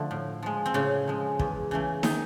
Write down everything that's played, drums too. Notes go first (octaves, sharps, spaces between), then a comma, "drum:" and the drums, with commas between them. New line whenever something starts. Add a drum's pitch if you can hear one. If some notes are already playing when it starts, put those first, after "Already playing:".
Already playing: D3 F3 A3
A2
F3 G#3
C4
A2 C#3 C#4
F3 G#3
E2, drum: kick
C#3 E3 A3
D#3 D#4, drum: snare